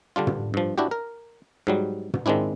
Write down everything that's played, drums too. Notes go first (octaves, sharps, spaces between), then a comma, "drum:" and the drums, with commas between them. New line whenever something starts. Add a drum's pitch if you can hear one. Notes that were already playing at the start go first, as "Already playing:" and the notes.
D3 G3 D4 F4
drum: tom
G2 F3
D4 E4 F#4 G4
A#4
G#2 F#3 G3
drum: tom
D#3 G#3 C4 D4 E4